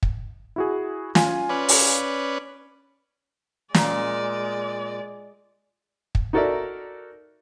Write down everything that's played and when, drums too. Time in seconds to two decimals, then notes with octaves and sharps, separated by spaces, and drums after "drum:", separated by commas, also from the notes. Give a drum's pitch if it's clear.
0.03 drum: kick
0.56 E4 F#4 G#4
1.15 F4 G#5, drum: snare
1.49 C#4 B4 D5
1.69 drum: open hi-hat
3.74 A#2 G#3 D5, drum: snare
6.15 drum: kick
6.33 D#4 F#4 A4 A#4 D5 E5